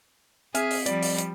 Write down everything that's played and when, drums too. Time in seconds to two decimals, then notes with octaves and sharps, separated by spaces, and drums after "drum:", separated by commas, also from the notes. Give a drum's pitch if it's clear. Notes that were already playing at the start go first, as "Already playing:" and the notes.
0.55 C4 G#4 E5 G#5 F6 B6, drum: hi-hat
0.70 drum: open hi-hat
0.86 F3 G3 D5, drum: hi-hat
1.02 drum: open hi-hat
1.18 drum: hi-hat